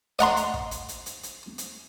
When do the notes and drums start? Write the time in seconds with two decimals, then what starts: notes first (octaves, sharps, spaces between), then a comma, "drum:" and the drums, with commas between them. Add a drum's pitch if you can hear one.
0.19 D#5 F#5 A#5 C6, drum: hi-hat
0.36 drum: hi-hat
0.54 drum: kick
0.71 drum: hi-hat
0.89 drum: hi-hat
1.06 drum: hi-hat
1.23 drum: hi-hat
1.58 drum: hi-hat